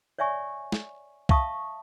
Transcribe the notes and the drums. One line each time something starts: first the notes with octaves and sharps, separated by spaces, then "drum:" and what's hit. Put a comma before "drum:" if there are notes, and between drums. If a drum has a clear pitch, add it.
C#5 D5 E5 G#5 C#6
drum: snare
E5 F5 A5 C#6 D#6, drum: kick C2